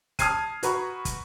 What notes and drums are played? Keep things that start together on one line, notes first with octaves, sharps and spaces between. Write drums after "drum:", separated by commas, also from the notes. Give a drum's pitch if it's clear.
A5 D#6 F6 G#6 C7 D#7, drum: kick, hi-hat
F#4 B4 A#5 B5 C#6, drum: hi-hat
drum: kick, hi-hat